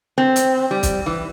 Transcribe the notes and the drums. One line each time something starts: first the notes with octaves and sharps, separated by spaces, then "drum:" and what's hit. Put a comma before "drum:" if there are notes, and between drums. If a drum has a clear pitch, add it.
C4
drum: hi-hat
G3
drum: kick, hi-hat
E3